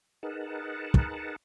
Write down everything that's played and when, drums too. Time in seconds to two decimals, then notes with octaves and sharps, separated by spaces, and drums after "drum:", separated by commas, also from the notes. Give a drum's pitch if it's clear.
0.23 D#4 G#4 A#4 B4 F#5 A5
0.94 drum: kick